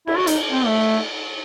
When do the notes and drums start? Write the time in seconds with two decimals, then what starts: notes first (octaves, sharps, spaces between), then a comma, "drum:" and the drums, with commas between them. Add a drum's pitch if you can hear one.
0.07 E4, drum: cymbal
0.17 F#4
0.27 D#4, drum: hi-hat
0.51 C4
0.67 A3